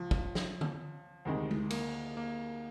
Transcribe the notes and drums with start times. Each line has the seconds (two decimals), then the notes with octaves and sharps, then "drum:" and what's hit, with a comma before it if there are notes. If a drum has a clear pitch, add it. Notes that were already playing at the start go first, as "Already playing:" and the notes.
Already playing: C#2 F3
0.11 F3, drum: kick
0.35 drum: snare
0.61 drum: tom D3
1.25 D2 C3 D#3 G#3
1.51 drum: tom G#3
1.70 A#3, drum: cymbal
2.17 A#3